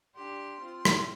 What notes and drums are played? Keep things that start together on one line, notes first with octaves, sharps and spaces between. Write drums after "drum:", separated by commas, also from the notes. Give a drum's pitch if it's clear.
D4 G4 C6
C4 F4
drum: rim click